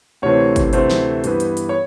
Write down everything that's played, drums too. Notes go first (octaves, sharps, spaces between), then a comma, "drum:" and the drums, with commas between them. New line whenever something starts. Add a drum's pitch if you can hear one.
D2 C3 E3 A3 C4 C#5
drum: kick, hi-hat
D2 C3 E3 A3 C4 C5, drum: hi-hat
drum: snare
G2 E3 G3 B3, drum: hi-hat
drum: hi-hat
drum: hi-hat
C#5